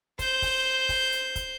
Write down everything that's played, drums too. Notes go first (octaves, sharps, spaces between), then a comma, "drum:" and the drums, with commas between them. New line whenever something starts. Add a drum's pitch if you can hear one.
C5 G6, drum: kick, hi-hat
drum: kick, open hi-hat
drum: kick, open hi-hat
drum: hi-hat
drum: kick, hi-hat